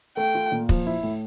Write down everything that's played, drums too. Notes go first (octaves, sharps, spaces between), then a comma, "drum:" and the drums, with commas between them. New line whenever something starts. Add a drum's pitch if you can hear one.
A3 G5
F4
A#2
F3, drum: kick
E4
A2